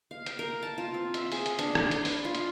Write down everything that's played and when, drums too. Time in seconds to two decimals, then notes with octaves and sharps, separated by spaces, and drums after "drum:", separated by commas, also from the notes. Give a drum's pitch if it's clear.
0.11 F5
0.26 G5, drum: hi-hat
0.39 A#4
0.63 A5
0.78 F4
0.94 C4
1.14 E5, drum: hi-hat
1.32 G#4, drum: open hi-hat
1.46 drum: hi-hat
1.59 D4, drum: hi-hat
1.75 drum: rim click
1.91 C6, drum: hi-hat
2.05 B5, drum: open hi-hat
2.25 F4
2.35 drum: hi-hat